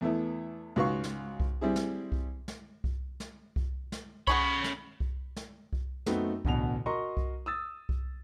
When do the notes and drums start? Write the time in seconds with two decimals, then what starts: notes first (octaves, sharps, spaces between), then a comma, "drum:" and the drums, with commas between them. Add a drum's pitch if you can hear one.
0.01 E2 A3 B3 E4
0.76 C#2 G#2 F#4 B4 F5 C#6
1.04 drum: snare
1.40 drum: kick C2
1.61 G3 C4 E4 G#4
1.76 drum: snare
2.12 drum: kick C2
2.48 drum: snare
2.84 drum: kick C2
3.20 drum: snare
3.56 drum: kick C2
3.92 drum: snare
4.27 C#4 F#4 G#4 C#5 B5, drum: kick C2
4.64 drum: snare
5.00 drum: kick C2
5.36 drum: snare
5.73 drum: kick C2
6.06 F#2 A3 B3 C4 D#4 F#4, drum: snare
6.45 A1 D2 B2 F7, drum: kick C2
6.86 F#4 A#4 D#5 A#5 C6 C#6
7.17 drum: kick C2
7.46 D#6 E6 A6
7.89 drum: kick C2